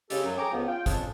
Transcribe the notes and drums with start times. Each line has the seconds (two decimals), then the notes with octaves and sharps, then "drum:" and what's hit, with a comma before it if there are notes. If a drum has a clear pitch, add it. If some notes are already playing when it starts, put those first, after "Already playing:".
0.10 C#3 G#3 G4 A4, drum: hi-hat
0.24 F#2 F#3
0.38 G#4 A4 C#5 G5 A#5 D6
0.52 C#2 F3 B3
0.68 F4 G5
0.86 F2 C#3 D4 G#4, drum: kick, hi-hat